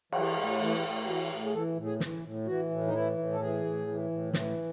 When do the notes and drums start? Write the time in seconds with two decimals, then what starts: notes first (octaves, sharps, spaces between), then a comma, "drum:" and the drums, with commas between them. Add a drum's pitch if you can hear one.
0.12 E3 F#3, drum: cymbal
0.36 A2 G#3
0.60 E3 A3
0.83 A2
1.07 E3 F#4
1.30 A2
1.45 G#4
1.54 E3 A4
1.77 A2
1.85 G#4
2.00 E3, drum: snare
2.23 A2
2.46 E3 F#4
2.70 A2
2.87 D#4
2.94 E3 E4
3.18 A2
3.33 A4
3.40 E3 G#4
3.65 A2
3.87 E3
4.10 A2
4.33 E3, drum: snare